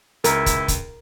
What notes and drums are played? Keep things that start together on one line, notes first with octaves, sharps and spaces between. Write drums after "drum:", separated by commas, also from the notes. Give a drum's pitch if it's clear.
C#2 E4 A#4, drum: hi-hat
drum: kick, hi-hat
drum: kick, hi-hat